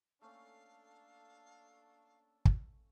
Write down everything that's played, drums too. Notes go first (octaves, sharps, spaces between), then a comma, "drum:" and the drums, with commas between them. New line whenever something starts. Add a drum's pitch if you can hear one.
A3 A#3 C#4 D4 A4 F5
drum: kick